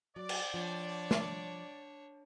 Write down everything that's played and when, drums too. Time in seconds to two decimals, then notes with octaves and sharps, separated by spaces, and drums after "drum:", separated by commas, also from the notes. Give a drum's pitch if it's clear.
0.16 F#3 D5
0.29 drum: cymbal
0.54 F3 D4 C#5
1.11 drum: snare